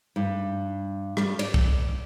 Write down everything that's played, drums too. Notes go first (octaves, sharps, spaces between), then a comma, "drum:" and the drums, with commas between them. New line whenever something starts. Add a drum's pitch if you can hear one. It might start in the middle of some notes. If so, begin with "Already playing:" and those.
G2
G3, drum: rim click
D5, drum: cymbal
drum: kick